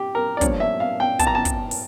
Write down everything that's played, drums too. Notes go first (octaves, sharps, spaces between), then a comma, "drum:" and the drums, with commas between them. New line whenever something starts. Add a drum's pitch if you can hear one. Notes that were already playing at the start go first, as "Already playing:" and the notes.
Already playing: G4
A#4
D5
G2 F3 A#3 D4 C#5, drum: kick, hi-hat
E5
F5
G5
A5, drum: kick, hi-hat
A#5
A5
drum: kick, hi-hat
drum: open hi-hat